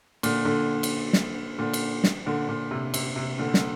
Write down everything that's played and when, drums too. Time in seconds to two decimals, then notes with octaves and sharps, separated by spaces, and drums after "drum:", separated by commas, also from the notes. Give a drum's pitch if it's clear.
0.23 A#2 D3, drum: cymbal
0.45 A#2 D3
0.83 drum: cymbal
1.13 drum: snare
1.58 A#2 D3
1.73 drum: cymbal
2.04 drum: snare
2.26 A#2 D3
2.49 A#2 D3
2.71 C3
2.94 C3, drum: cymbal
3.16 C3
3.39 A#2 D3
3.54 drum: snare